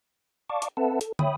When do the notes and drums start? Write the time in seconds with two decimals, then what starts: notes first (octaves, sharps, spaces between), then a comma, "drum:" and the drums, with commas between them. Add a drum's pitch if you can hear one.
0.50 D5 F5 A5 C#6 D6
0.62 drum: hi-hat
0.77 C4 A4 B4 E5 F#5 A5
1.01 A4, drum: hi-hat
1.19 C#5 E5 G5 B5 D#6, drum: tom